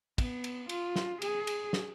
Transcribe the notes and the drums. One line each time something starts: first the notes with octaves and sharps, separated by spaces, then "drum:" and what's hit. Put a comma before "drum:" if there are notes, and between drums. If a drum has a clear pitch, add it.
B3, drum: kick, cymbal
drum: cymbal
F4, drum: cymbal
drum: snare
G#4, drum: cymbal
drum: cymbal
drum: snare